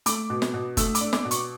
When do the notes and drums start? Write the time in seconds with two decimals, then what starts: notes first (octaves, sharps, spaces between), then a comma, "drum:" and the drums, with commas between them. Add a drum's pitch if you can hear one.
0.06 A3 D6, drum: hi-hat
0.30 B2
0.42 drum: snare
0.54 B2
0.77 A3 E6, drum: kick F#1, hi-hat
0.95 D6, drum: hi-hat
1.01 D4
1.13 D6, drum: snare
1.25 B2
1.31 C#6, drum: hi-hat